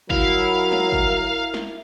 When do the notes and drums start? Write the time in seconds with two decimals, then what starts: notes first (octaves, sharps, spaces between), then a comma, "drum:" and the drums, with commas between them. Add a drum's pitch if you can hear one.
0.10 F#3 E4 A#4 F5, drum: kick
0.72 drum: snare
0.92 drum: kick
1.54 drum: snare